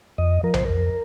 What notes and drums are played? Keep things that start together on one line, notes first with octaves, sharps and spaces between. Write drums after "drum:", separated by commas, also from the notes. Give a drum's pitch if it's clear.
F2 D#5
F3 A#4
C5, drum: tom B1
F2 A#4